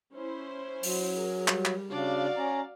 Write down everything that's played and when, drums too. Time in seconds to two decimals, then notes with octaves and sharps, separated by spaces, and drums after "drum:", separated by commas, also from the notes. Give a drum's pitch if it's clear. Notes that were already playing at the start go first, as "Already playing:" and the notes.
0.13 C#4 E4 C5
0.83 F#3, drum: open hi-hat
1.18 G#4 A#4
1.48 G3, drum: clap
1.65 drum: clap
1.91 C#3 D4 F#4 D5 F5
2.37 C#4 A#5